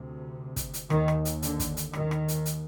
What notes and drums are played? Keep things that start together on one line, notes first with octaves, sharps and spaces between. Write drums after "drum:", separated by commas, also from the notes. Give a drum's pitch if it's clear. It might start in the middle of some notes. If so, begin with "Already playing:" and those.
Already playing: D2 C3
drum: kick, hi-hat
drum: hi-hat
D#2 D#3, drum: rim click
drum: rim click
drum: hi-hat
D3, drum: hi-hat
drum: kick, hi-hat
drum: hi-hat
D#2 D#3, drum: rim click
drum: rim click
drum: hi-hat
drum: hi-hat